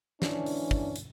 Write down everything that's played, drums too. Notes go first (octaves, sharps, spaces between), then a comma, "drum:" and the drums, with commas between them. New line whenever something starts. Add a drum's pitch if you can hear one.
G#2 E3 C#4 D4, drum: snare
drum: open hi-hat
drum: kick
drum: hi-hat